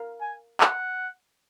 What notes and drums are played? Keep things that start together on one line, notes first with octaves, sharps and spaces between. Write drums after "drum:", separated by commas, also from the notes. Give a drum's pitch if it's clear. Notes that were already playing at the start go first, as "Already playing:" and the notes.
Already playing: A#4 F5
G#5
F#5, drum: clap